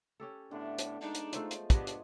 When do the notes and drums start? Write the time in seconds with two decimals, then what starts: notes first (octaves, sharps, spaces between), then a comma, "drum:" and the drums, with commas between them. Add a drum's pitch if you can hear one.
0.20 C#4 G4 A4
0.51 A2 D3 A3 B3 D4
0.78 drum: hi-hat
1.02 G#3 D4 D#4
1.15 drum: hi-hat
1.33 F3 A3 A4 C5, drum: hi-hat
1.51 drum: hi-hat
1.70 B3 D4 G4 C#5 D#5, drum: kick, hi-hat
1.87 drum: hi-hat